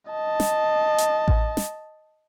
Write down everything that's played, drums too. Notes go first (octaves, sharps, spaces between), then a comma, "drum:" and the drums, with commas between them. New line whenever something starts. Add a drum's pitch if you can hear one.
D#5 A5
drum: snare
drum: hi-hat
drum: kick A1
drum: snare